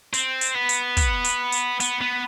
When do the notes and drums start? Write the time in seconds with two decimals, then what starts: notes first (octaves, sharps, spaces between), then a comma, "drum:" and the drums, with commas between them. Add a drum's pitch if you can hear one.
0.14 C4, drum: hi-hat
0.41 drum: hi-hat
0.55 B3
0.69 drum: hi-hat
0.97 drum: kick, hi-hat
1.24 drum: hi-hat
1.52 drum: hi-hat
1.80 B3, drum: hi-hat
2.01 B3